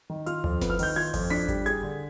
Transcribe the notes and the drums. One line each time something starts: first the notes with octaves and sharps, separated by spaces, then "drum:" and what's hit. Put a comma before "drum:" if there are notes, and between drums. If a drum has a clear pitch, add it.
D#3
F4 F6, drum: hi-hat
F2, drum: tom D2
B3, drum: snare F#1
F6
D#3 G6, drum: open hi-hat
F4 G#6
F2, drum: kick G#1, open hi-hat
D4 B6
G3, drum: kick G#1, hi-hat
G#4 G#6, drum: hi-hat
D3